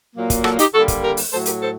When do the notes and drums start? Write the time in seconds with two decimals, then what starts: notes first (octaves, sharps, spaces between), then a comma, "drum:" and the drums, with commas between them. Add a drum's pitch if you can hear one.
0.15 A#2 F#3 A#3
0.30 drum: kick, hi-hat
0.44 F#4 A4, drum: rim click
0.59 D#4 G4, drum: hi-hat
0.73 D3 G3 A#3 F#4 A4
0.88 drum: kick, hi-hat
1.02 G4 A#4
1.17 drum: open hi-hat
1.31 A2 F#3 A3 A4 C5
1.46 G4 A#4, drum: hi-hat
1.61 A4 C5